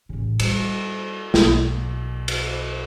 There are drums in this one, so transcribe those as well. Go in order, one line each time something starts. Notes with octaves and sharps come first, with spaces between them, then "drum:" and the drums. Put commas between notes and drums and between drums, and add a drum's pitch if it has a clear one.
A1 C#3
G3, drum: cymbal
B1, drum: snare
drum: cymbal